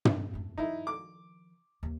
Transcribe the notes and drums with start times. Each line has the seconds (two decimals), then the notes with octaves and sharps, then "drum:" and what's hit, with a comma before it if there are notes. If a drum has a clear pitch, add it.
0.05 drum: tom
0.34 F2 A3
0.58 D#3 F3 D#4 E4
0.87 D6
1.83 D#2 E3